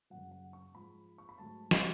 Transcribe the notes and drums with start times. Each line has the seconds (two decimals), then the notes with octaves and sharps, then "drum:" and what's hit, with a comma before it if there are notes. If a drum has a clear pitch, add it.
0.10 F#2 C#3 F#3 F#5
0.31 F#5
0.53 C#6
0.74 G#2 F3 G#3 B5
1.18 C#6
1.29 B5
1.38 G#2 F#3 A3 A5
1.71 F5, drum: snare